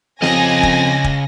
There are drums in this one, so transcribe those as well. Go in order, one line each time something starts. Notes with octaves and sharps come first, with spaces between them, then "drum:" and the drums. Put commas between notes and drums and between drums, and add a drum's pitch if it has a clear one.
F2 C#3 D#5 G#5 A#6, drum: snare
drum: kick E1
drum: kick E1